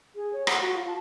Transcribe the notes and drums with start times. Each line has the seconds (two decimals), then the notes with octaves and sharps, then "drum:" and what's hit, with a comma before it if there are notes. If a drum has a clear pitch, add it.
0.16 G#4
0.33 C#5
0.47 F#5, drum: rim click
0.61 F#4
0.75 F4
0.87 A5